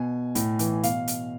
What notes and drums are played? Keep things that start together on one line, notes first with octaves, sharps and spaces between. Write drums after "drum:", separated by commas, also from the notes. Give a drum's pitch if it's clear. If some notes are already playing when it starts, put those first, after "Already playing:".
Already playing: B2 G#5
A2, drum: hi-hat
E3, drum: hi-hat
B2 F5, drum: hi-hat
drum: hi-hat